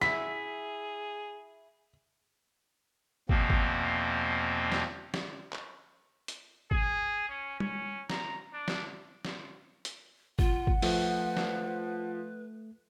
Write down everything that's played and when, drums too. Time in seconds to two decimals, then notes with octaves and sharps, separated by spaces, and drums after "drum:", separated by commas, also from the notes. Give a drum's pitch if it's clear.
0.01 E4 F#4 G#4 E5 B6, drum: snare
3.29 E2 B2 F3 A#3 C4, drum: kick
3.50 drum: kick
4.72 drum: snare
5.14 drum: snare
5.53 drum: clap
6.28 drum: hi-hat
6.71 G#4, drum: kick
7.29 C#4
7.60 C#4, drum: tom G3
8.10 A#5, drum: snare
8.54 D4
8.68 drum: snare
9.25 drum: snare
9.85 drum: hi-hat
10.39 F4 F#5, drum: kick
10.67 drum: kick
10.82 F3 A3 B4, drum: open hi-hat
11.37 drum: snare